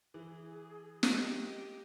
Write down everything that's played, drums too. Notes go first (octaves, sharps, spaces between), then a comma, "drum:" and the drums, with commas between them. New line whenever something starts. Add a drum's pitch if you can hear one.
E3 G#4
G4 D#5, drum: snare